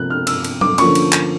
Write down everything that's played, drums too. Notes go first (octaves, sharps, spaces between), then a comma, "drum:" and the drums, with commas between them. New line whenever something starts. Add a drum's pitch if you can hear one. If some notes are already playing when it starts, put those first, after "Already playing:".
Already playing: C3 F3 A#3 F#6
F6
E6, drum: cymbal
drum: cymbal
D6, drum: tom F#3
D3 F3 A#3 C#4 C#6, drum: cymbal
drum: cymbal
drum: clap